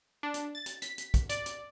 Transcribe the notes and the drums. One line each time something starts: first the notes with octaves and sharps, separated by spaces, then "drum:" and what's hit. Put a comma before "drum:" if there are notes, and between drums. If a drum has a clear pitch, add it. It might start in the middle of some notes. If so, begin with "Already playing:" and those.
D4
drum: hi-hat
A6
drum: hi-hat
B6, drum: hi-hat
drum: hi-hat
drum: kick, hi-hat
D5, drum: hi-hat
drum: hi-hat